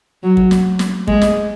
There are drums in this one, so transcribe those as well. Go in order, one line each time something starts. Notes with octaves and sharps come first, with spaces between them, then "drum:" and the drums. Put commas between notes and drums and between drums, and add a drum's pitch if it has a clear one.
F#3
drum: kick
drum: snare
drum: snare
G#3, drum: kick
drum: snare